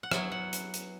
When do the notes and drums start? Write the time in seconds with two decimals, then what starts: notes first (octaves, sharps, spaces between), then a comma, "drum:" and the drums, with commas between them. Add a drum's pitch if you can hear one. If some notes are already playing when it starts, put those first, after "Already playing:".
0.03 F#5
0.11 F#3 B3 E4 G#5, drum: rim click
0.32 F#5
0.53 drum: hi-hat
0.74 drum: hi-hat